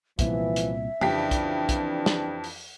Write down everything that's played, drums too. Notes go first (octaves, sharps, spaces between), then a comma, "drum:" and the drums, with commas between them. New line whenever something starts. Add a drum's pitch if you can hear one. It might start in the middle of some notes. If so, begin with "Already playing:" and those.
C2 A#2 E3 F3 B3 E5, drum: kick, hi-hat
drum: hi-hat
F2 C#3 E3 C4 D4 G4 B6
drum: kick, hi-hat
drum: kick, hi-hat
drum: snare
drum: open hi-hat